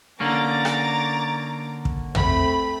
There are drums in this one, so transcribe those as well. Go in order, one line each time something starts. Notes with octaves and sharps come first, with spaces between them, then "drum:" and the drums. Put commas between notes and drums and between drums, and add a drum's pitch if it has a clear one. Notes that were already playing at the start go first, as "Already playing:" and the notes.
D3 A#3 C#4 A#5 D6 A6
drum: rim click
drum: kick
A3 C4 B5, drum: tom